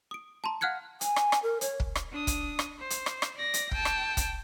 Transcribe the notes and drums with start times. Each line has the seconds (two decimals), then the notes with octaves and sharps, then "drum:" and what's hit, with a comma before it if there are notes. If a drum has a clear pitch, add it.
0.11 D#6 D7
0.44 A5 A#5 C6
0.61 F5 F#5 F6 F#6 G#6 C#7
1.01 G#5, drum: hi-hat
1.16 drum: rim click
1.32 drum: rim click
1.43 A#4
1.61 C#5, drum: hi-hat
1.80 drum: kick
1.95 drum: rim click
2.12 D4 D#6
2.27 drum: kick, hi-hat
2.59 drum: rim click
2.79 C5
2.90 drum: hi-hat
3.06 drum: rim click
3.22 drum: rim click
3.38 D5 A#6
3.54 drum: hi-hat
3.71 G5 A5, drum: kick
3.85 drum: rim click
4.17 drum: kick, hi-hat